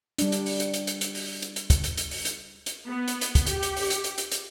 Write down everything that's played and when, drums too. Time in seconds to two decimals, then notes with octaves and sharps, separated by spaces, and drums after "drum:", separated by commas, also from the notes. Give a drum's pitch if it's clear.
0.19 G3 D4, drum: hi-hat
0.32 drum: hi-hat
0.46 drum: open hi-hat
0.60 drum: hi-hat
0.74 drum: hi-hat
0.87 drum: hi-hat
1.01 drum: hi-hat
1.15 drum: open hi-hat
1.42 drum: hi-hat
1.56 drum: hi-hat
1.70 drum: kick, hi-hat
1.84 drum: hi-hat
1.97 drum: hi-hat
2.11 drum: open hi-hat
2.25 drum: hi-hat
2.66 drum: hi-hat
2.87 B3
3.08 drum: hi-hat
3.21 drum: hi-hat
3.35 drum: kick, hi-hat
3.47 G4, drum: hi-hat
3.63 drum: hi-hat
3.76 drum: open hi-hat
3.90 drum: hi-hat
4.04 drum: hi-hat
4.18 drum: hi-hat
4.32 drum: hi-hat